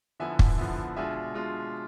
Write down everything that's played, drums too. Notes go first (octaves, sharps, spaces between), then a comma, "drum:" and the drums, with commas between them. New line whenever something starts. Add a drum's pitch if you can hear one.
D3 F3 B3 E4 E5 G#5
drum: kick
D3 F3 B3 E4
B2 G#3 D4 F4 E5 G#5
B2 G#3 D4 F4